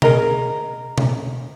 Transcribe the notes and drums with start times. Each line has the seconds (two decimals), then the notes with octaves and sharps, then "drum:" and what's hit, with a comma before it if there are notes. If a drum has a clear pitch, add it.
0.02 G#4 A#4 D#5 A#5, drum: tom B2
0.98 drum: tom B2